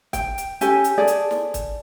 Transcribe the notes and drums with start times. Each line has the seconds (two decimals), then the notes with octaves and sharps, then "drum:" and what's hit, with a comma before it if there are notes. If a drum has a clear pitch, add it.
0.13 G5, drum: kick, hi-hat
0.38 drum: hi-hat
0.61 C#4 G4 A4 G#5, drum: hi-hat
0.84 drum: hi-hat
0.98 G#4 A4 D5
1.07 drum: hi-hat
1.31 drum: snare
1.54 drum: kick, hi-hat